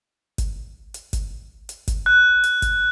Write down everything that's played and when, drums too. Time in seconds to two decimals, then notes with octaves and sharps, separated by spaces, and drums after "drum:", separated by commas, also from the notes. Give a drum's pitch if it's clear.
0.38 drum: kick G1, hi-hat
0.94 drum: hi-hat
1.13 drum: kick G1, hi-hat
1.69 drum: hi-hat
1.88 drum: kick G1, hi-hat
2.06 F#6
2.44 drum: hi-hat
2.62 drum: kick G1, hi-hat